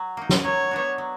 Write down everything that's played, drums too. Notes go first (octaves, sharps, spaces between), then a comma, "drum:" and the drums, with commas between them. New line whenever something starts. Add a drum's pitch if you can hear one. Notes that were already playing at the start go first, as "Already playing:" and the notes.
Already playing: F#3
A#3 D#4
drum: snare
F#3 C#5
B3 D4 F#4
F#3